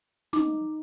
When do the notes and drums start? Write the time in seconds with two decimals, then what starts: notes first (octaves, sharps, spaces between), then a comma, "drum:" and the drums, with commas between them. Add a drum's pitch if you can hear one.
0.33 D#4 D6, drum: snare